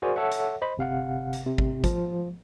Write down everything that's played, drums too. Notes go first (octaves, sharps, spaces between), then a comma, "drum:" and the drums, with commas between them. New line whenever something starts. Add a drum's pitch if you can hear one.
F#4 G#4 A#4 C5 D5 G#5
A4 C#5 E5 F#5
drum: hi-hat
C5 D#5 B5
G1 C3 F5 F#5
drum: hi-hat
C3
drum: kick
F3, drum: kick, hi-hat